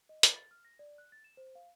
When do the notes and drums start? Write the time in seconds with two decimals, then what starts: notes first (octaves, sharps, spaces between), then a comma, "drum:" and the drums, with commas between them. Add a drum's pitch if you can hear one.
0.09 D#5
0.23 B5, drum: hi-hat
0.36 A6
0.51 F6
0.65 A#6
0.79 D5
0.98 F#6
1.12 A6
1.24 E7
1.37 C5
1.55 F5